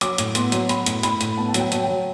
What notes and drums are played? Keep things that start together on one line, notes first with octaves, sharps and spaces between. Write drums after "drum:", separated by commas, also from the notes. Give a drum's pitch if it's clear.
F#3 D6, drum: hi-hat
A2, drum: hi-hat
B3 C6, drum: hi-hat
F#3, drum: hi-hat
B3 B5, drum: hi-hat
A2, drum: hi-hat
A2 B5, drum: hi-hat
A2, drum: hi-hat
B3 A5
A5
F#3, drum: hi-hat
G5
F#3, drum: hi-hat
F#3 G5